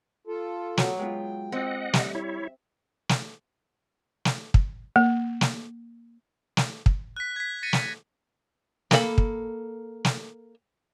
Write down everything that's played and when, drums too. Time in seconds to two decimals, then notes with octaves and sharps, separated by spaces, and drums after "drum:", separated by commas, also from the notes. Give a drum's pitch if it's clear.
0.27 F4 A4
0.77 F#3 B3 C#6, drum: snare
0.99 G#3 B3 F4 G5
1.52 C4 D#5 F#5
1.93 G3 E5, drum: snare
2.15 E4 C#5
3.09 drum: snare
4.25 drum: snare
4.54 drum: kick
4.96 A#3
5.41 drum: snare
6.57 drum: snare
6.86 drum: kick
7.16 F#6 B6
7.36 G#6 B6
7.63 A6 A#6 C#7 D#7
7.73 drum: snare
8.91 A#3 A4 D#5 B5, drum: snare
9.18 drum: kick
10.05 drum: snare